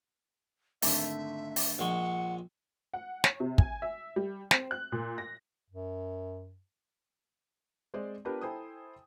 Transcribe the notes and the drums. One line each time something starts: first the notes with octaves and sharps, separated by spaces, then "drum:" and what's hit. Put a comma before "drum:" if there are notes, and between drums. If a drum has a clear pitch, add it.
G#1 D3 A3 E5, drum: open hi-hat
drum: open hi-hat
A#1 G#3 F#5 C#6
F#5
C#5, drum: snare
C3
G#5, drum: kick
E5
G3
C4, drum: snare
F#6
A#2
A#6
F#2
G#3 C4 C5 D5
B3 D4 F4 G4 A#4 B4
E4 A4 C5 G5 G#5 D#6